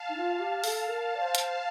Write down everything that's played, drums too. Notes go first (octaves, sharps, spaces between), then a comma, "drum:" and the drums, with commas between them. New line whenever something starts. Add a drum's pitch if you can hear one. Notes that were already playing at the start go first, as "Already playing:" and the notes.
Already playing: F5 A5
D#4
F4
G4
A4, drum: open hi-hat
A#4 F5 A5
D5
C5
drum: hi-hat